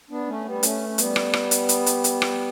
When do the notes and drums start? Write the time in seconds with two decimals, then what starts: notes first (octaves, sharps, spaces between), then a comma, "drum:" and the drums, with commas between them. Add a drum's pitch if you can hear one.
0.10 B3 D4
0.27 A3 C#4
0.45 G3 B3
0.63 A3 C#4, drum: hi-hat
0.89 C#4
0.98 G3 B3, drum: hi-hat
1.16 drum: rim click
1.33 drum: rim click
1.51 drum: hi-hat
1.69 drum: hi-hat
1.86 drum: hi-hat
2.04 drum: hi-hat
2.22 drum: rim click